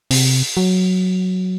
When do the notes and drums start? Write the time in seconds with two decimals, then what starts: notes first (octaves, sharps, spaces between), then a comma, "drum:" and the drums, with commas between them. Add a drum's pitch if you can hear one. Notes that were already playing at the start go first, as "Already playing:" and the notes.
0.11 C3, drum: open hi-hat
0.57 F#3